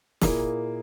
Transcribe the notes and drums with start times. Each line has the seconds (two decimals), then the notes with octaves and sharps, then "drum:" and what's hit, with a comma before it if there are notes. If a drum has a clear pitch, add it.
0.21 A#2 A#3 E4 G#4, drum: snare